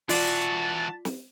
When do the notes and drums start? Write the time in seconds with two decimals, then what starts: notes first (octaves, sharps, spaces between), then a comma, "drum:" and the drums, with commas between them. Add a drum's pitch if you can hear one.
0.09 E3 F4 F#4 D5 A5, drum: open hi-hat
1.05 drum: snare